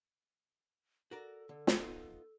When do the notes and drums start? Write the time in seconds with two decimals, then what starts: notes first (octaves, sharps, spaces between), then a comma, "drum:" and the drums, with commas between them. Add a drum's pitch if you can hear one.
1.11 F#4 A4 A#4 D5
1.49 D3
1.67 drum: snare
1.82 B3 D#4 F4